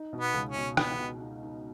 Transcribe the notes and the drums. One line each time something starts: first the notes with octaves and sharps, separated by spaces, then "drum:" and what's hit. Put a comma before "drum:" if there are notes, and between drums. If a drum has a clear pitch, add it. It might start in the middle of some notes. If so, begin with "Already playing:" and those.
Already playing: D#4
B2
B3
C#2
C#4
B2
B3 D#4, drum: rim click
B2
D#4
D#4